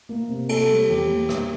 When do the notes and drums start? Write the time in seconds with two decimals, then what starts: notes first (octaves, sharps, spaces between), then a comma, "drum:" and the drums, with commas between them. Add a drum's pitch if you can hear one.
0.09 A#3
0.29 C3
0.49 A#3 A4, drum: cymbal
0.69 G3
0.89 E2 G4
1.09 A#3
1.29 G3, drum: rim click